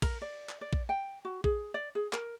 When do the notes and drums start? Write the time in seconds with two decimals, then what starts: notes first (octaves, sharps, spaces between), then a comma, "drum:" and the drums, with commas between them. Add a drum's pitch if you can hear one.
0.02 A#4, drum: kick A#1, cymbal
0.22 D5
0.49 drum: clap
0.61 D5
0.73 drum: kick A#1
0.89 G5
1.25 F#4
1.44 G#4, drum: kick A#1
1.74 D5
1.95 G#4
2.13 A#4, drum: clap